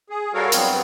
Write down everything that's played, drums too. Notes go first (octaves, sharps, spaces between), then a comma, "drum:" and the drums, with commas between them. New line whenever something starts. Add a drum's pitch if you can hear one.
G#4
G3 F#4 A4 A#4 C#5 F5
G2 F#3 G3 B3 C4, drum: hi-hat